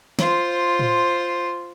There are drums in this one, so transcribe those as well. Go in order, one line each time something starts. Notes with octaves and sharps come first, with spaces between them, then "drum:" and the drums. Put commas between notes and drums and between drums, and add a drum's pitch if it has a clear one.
F4 C5, drum: snare
drum: tom A2